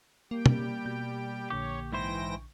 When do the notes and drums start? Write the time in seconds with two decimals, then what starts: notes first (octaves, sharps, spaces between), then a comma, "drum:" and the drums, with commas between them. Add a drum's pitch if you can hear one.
0.31 G3 A#3 G4 G5
0.46 drum: tom
0.85 B2 G6
1.50 A#1 D3 G4 C#5 C#6
1.92 G#2 E3 E4 C5 G5 A#6